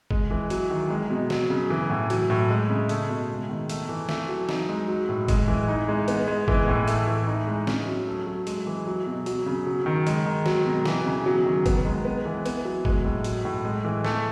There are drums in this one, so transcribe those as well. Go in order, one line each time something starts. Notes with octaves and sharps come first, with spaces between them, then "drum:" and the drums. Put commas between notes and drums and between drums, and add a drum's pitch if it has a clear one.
G#3, drum: kick
E3
F#3, drum: hi-hat
D#3
G#3
B2
F#3, drum: snare
C#3
E3
A2
F#3, drum: hi-hat
A2
G#3
C#3
A3, drum: hi-hat
B2
G#3
D#3
A3, drum: hi-hat
E3
A3, drum: snare
F#3
D#4, drum: snare
G#3
F#3
A2
G#3, drum: kick, hi-hat
E3
D#4
G#3
B3, drum: hi-hat
G#3
E3, drum: kick
A2
A3, drum: hi-hat
E3
D#4
G#3
C#4, drum: snare
F#3
A3
F#3
G#3, drum: hi-hat
E3
F#3
B2
F#3, drum: hi-hat
C#3
F#3
D#3
G#3, drum: hi-hat
D#3
F#3, drum: snare
B2
E3, drum: snare
C#3
F#3
D#3
B3, drum: kick, hi-hat
G#3
B3
E3
B3, drum: hi-hat
F#3
G#3, drum: kick
A2
F#3, drum: hi-hat
A2
G#3
E3
A3, drum: snare